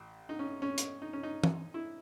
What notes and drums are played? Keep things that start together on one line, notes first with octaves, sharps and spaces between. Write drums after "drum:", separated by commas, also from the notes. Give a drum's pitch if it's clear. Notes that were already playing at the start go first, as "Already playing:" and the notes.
Already playing: A1
D#4
C#4
C#4
drum: hi-hat
D#4
C#4
D#4
drum: tom
E4